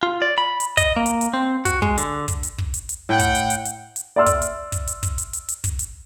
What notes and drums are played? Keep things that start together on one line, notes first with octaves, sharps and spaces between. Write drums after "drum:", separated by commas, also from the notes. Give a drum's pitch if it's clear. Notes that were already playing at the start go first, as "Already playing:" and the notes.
F4
D5
B5
drum: hi-hat
D#5, drum: kick, hi-hat
A#3
drum: hi-hat
drum: hi-hat
C4
F#4, drum: kick, hi-hat
G#3, drum: kick
D3, drum: hi-hat
drum: kick, hi-hat
drum: hi-hat
drum: kick
drum: hi-hat
drum: hi-hat
A2 F#5 G5
drum: kick, hi-hat
drum: hi-hat
drum: hi-hat
drum: hi-hat
drum: hi-hat
D5 E5 C6 E6 F6
drum: kick, hi-hat
drum: hi-hat
drum: kick, hi-hat
drum: hi-hat
drum: kick, hi-hat
drum: hi-hat
drum: hi-hat
drum: hi-hat
drum: kick, hi-hat
drum: hi-hat